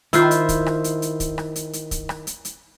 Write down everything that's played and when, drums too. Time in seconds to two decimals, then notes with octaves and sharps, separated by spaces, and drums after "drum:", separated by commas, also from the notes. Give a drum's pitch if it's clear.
0.13 D#3 E4 F4 C5, drum: hi-hat
0.31 drum: hi-hat
0.49 drum: kick, hi-hat
0.66 drum: rim click
0.84 drum: hi-hat
1.02 drum: hi-hat
1.20 drum: kick, hi-hat
1.38 drum: rim click
1.56 drum: hi-hat
1.73 drum: hi-hat
1.91 drum: kick, hi-hat
2.09 drum: rim click
2.27 drum: hi-hat
2.45 drum: hi-hat